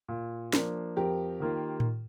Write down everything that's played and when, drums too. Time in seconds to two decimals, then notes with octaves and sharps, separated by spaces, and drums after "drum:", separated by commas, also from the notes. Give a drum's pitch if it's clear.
0.08 A#2
0.53 F3 A#3 D4, drum: snare
0.96 F2 G4 A#4
1.40 D#3 A#3 F4
1.80 drum: tom A2